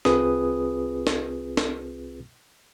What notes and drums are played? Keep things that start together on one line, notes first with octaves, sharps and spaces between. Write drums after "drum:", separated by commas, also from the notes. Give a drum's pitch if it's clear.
C2 C4 F4 G#4 B4 D#6, drum: snare
drum: snare
drum: snare